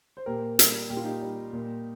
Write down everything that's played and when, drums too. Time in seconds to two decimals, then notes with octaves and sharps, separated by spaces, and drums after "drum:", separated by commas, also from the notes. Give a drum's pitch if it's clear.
0.17 C5
0.26 A#2 G4 A#4
0.59 G3, drum: hi-hat
0.90 A#2 G4
0.97 F4
1.04 D#4 G4
1.21 G3
1.53 A#2